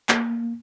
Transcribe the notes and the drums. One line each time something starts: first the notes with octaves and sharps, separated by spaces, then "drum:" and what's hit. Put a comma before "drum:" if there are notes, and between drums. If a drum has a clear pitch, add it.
A#3, drum: clap